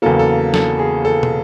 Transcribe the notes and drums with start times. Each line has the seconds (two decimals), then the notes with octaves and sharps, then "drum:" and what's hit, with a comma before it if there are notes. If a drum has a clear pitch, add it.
0.02 E2 C#3 F#3 A#3 A4
0.19 A4
0.54 A4, drum: snare
0.79 G#4
1.05 A4
1.23 drum: tom